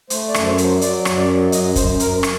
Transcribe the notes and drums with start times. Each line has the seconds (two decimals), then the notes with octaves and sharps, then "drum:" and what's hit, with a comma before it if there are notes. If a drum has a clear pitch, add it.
0.10 A3 C5, drum: hi-hat
0.29 D5
0.34 F#2, drum: rim click
0.46 C5
0.58 F#3, drum: hi-hat
0.64 C5
0.81 F#3 D5, drum: hi-hat
1.05 F#2, drum: rim click
1.17 D5
1.28 F#3
1.52 F#2 D#5, drum: hi-hat
1.76 F#2 C5, drum: kick, hi-hat
2.00 F#2 A#4, drum: hi-hat
2.23 drum: rim click